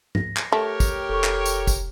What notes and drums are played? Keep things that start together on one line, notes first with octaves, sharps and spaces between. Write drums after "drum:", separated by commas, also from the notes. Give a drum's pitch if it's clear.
A#6, drum: tom G#2
drum: clap
A3 G4 A#4 C#5
drum: kick, tambourine
F1 A4 C#6
drum: clap
drum: tambourine
drum: kick, tambourine